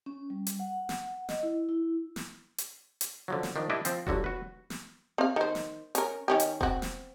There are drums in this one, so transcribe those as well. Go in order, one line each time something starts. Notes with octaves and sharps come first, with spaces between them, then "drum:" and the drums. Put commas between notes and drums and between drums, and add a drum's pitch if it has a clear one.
C#4
G3
drum: hi-hat
F#5
drum: snare
D#5, drum: snare
E4
E4
drum: snare
drum: hi-hat
drum: hi-hat
D3 F3 F#3
drum: snare
D#3 F3 D4
D4 E4 G4 D#5
F3 C4, drum: hi-hat
G1 D3 F#3 F#4, drum: kick E1
F#4 B4
drum: snare
C4 F5
D#3 C5
drum: snare
C#4 A#4, drum: hi-hat
D#3 C#4 G4
drum: hi-hat
C4 F#4, drum: kick E1
drum: snare